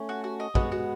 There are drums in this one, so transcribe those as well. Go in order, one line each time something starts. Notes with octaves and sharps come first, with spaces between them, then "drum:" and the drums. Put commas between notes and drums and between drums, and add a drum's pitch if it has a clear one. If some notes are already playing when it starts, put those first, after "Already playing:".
Already playing: A3 C#4
F#4
F#4
D#5
G#3 B3 F#4, drum: kick
F#4